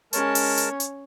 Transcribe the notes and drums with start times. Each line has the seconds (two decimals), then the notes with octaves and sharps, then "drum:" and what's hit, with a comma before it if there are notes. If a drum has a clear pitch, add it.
0.13 G#3 C#4 A#4 C#5 A5, drum: hi-hat
0.35 drum: open hi-hat
0.57 drum: hi-hat
0.80 drum: hi-hat